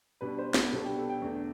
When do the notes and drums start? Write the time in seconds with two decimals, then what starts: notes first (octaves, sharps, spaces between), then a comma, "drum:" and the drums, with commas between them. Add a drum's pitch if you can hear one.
0.21 B2 G3 D4 B4
0.39 C5
0.54 B4, drum: snare
0.71 C2 B2 G3 B3 D4 A4
0.84 G4
0.97 A4
1.09 G5
1.22 E2 D3 A3